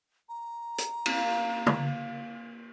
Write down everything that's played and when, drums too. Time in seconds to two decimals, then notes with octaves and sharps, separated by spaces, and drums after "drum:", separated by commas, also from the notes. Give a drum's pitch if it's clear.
0.29 A#5
0.78 drum: hi-hat
1.06 A#2, drum: cymbal
1.66 drum: tom